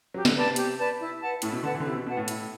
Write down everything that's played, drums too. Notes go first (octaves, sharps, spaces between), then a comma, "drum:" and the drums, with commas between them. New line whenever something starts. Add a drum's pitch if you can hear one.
F#3 G4
D3, drum: snare
C3 B4 D5 A5
C3
G4, drum: hi-hat
B4 D5 A5
E4
B4 F#5 A5
A2 E4, drum: hi-hat
B2
D3 B4 F#5 A5
E3
D3
C3 E4
B2
B2 B4 F#5 A5
A2
E4, drum: hi-hat